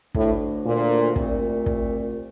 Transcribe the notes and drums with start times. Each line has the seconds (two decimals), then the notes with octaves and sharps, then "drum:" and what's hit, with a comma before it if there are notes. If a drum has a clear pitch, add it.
0.15 D2 A2 D3 A3 D4, drum: kick
0.65 A#2
1.16 C2 A#2 A3 C4 F4, drum: kick
1.66 drum: kick